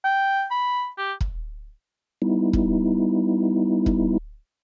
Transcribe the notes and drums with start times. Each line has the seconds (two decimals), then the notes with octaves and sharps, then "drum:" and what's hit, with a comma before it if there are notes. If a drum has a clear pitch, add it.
0.04 G5
0.51 B5
0.98 G4
1.21 drum: kick
2.22 G3 B3 D#4 E4
2.53 drum: kick
3.86 drum: kick